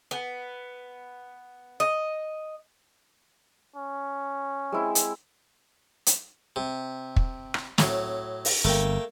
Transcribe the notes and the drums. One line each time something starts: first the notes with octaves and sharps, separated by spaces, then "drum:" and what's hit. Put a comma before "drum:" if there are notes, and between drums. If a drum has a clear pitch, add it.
B3
D#5
C#4
G#3 C4 E4
drum: hi-hat
drum: hi-hat
C3
drum: kick
drum: rim click
A2 F#3, drum: snare
drum: open hi-hat
G1 A3 A#3 G5